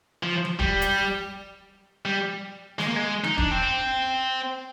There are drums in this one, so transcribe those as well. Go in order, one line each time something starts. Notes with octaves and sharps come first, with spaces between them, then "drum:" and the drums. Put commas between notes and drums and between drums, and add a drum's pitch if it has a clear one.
F3
drum: tom F3
G3, drum: kick
drum: hi-hat
G3
G#3, drum: snare
A#3
G#3
D#4, drum: tom F3
D4, drum: kick
C4